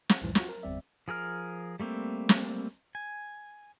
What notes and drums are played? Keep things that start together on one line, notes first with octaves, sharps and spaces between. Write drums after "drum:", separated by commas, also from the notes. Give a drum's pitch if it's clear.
F#5, drum: snare
C2 F2 A2 E3 F3 G3
F4 F#4, drum: snare
A#4
G1 E2 G3 C4 D5 E5
F3 G#4 A#4 F6
G3 A3 A#3 C4
drum: snare
G#5